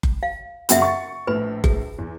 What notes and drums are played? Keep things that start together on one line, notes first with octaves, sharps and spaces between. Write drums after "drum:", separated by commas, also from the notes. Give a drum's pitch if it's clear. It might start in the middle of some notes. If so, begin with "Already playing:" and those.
drum: kick F#1
F5
F#2 C#3 F#4 E5 F#5 B5, drum: hi-hat
C#6 A6
A#1 A2 B4 B5
G#4, drum: kick F#1
E2